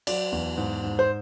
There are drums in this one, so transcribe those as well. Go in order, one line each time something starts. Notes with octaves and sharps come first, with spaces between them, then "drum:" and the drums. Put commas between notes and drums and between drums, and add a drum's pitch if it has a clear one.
F#3 D5, drum: cymbal
E2
G#2
G#2
C5